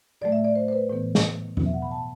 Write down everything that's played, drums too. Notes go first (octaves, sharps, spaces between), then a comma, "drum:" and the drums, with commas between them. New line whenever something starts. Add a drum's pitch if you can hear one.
A2 F#3 A3 D5
E5
D5
C5
C5
B4
A2 E3 B3
drum: snare
B2 F#3 B3, drum: tom E2
E5
F#5
B5
A5